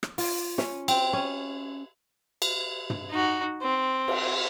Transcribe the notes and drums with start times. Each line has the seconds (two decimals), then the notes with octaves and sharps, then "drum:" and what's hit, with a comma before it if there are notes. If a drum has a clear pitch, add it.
0.03 drum: rim click
0.18 F4, drum: open hi-hat
0.58 C#4, drum: snare
0.88 C4, drum: cymbal
1.13 C#4
2.42 drum: cymbal
2.90 drum: tom
3.10 D#4 F#4
3.62 C4
4.08 drum: cymbal